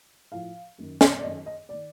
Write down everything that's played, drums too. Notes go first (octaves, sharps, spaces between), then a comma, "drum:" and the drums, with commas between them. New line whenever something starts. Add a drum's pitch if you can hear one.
A2 F3 F5
F#2 D#3
drum: snare
D5
F#2 D#3 D#5
D#5
D#3 D5